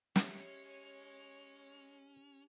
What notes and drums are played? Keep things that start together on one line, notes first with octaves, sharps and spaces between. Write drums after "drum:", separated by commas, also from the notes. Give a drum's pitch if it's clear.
G#3 C#4 G4 C#5 E5 C7 C#7, drum: snare